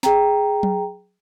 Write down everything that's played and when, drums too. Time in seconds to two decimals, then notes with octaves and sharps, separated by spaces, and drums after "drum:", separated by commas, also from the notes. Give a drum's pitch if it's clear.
0.03 G#4 G5 A#5, drum: snare
0.63 drum: tom F#3